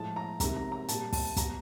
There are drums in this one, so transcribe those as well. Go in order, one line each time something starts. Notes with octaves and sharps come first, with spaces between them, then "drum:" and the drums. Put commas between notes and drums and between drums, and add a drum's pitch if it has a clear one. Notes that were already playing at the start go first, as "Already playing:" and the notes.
Already playing: A2 F3 G#3 A5
A#5
C3 D#3 G#3 A#5, drum: kick, hi-hat
A#5
A#5
A#2 G3 A5, drum: hi-hat
A5, drum: kick, open hi-hat
B2 G3 A#5, drum: kick, hi-hat